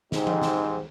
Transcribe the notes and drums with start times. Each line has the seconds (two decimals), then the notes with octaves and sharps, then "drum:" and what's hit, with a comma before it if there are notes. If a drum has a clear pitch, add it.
0.12 G#2 G3 C4 D#4, drum: snare
0.27 drum: tom E3
0.42 drum: snare